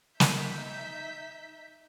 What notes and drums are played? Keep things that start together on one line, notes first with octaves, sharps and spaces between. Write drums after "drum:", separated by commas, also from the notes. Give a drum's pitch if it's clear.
D#4 E5 G6 B6, drum: snare